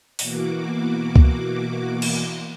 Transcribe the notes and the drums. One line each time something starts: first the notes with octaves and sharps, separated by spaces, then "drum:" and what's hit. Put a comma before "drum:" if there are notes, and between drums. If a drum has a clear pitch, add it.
B2 E3 A#3 F#4 D6, drum: open hi-hat
drum: kick C#2
drum: cymbal